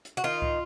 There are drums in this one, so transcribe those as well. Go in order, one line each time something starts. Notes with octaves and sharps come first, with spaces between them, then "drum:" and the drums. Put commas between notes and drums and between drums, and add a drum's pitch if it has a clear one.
drum: hi-hat
F#4
D#3 F4
drum: kick C2